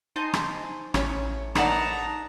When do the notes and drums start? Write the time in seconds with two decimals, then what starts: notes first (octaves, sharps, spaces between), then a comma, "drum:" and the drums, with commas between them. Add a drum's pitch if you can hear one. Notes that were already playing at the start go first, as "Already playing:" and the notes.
0.16 D#4 C5 G#5 A5
0.33 drum: rim click
0.94 A1 C#4 C#5, drum: rim click
1.55 A#1 D#4 B4 D5 F#5 A5 A#5, drum: rim click